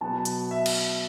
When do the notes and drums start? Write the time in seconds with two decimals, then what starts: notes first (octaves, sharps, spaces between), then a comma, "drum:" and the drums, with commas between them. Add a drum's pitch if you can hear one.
0.01 B2 F#3 B3 A5
0.25 drum: hi-hat
0.51 E5
0.66 drum: cymbal